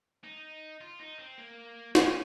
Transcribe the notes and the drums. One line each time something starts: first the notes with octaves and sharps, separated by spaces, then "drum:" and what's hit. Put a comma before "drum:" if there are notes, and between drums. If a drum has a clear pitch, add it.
D#4
F4
D#4
C4
A#3
C#4, drum: snare